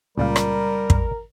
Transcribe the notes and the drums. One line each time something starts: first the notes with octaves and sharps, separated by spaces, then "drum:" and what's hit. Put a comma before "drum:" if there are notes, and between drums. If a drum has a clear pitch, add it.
C#2 A#2 G3 A#4 F5
drum: rim click
drum: kick